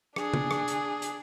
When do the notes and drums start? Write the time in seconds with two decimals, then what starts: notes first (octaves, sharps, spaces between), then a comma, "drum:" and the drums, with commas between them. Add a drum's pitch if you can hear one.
0.16 D4 G#4, drum: rim click
0.34 drum: tom C#3
0.51 drum: rim click
0.68 drum: hi-hat
1.02 drum: hi-hat